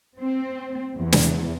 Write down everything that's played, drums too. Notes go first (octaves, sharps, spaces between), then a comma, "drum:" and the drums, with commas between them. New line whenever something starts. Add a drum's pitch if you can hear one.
C4
E2
drum: snare